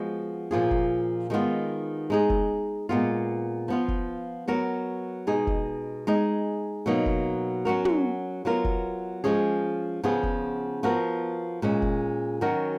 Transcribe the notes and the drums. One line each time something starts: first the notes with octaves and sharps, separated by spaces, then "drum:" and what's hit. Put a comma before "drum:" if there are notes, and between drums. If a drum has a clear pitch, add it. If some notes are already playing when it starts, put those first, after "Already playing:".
Already playing: F3 G#3 B3 F#4
A#2 F3 A#3 F4 G#4
drum: kick
D#3 G#3 B3 F4
G#3 D#4 G#4
drum: kick
A#2 G#3 B3 F4
F3 B3 F4
drum: kick
F#3 B3 F#4 A#4
B2 G#3 D#4 G#4
drum: kick
G#3 D#4 G#4
B2 F#3 A#3 D#4
drum: kick
F#3 C#4 F#4 A#4
drum: tom
F#3 B3 F4 A#4
drum: kick
F3 G#3 C#4 G#4
C#3 F3 B3 F4 G#4
drum: kick
F3 B3 F#4 A#4
A#2 G#3 C#4
drum: kick
D#3 F#3 C#4 F#4 A#4